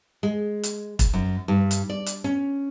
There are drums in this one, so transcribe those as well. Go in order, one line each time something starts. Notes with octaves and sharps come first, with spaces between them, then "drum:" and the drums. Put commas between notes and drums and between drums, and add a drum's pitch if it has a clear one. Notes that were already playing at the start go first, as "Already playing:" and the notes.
G#3
drum: hi-hat
drum: kick, hi-hat
F#2
G2
drum: hi-hat
D5
drum: hi-hat
C#4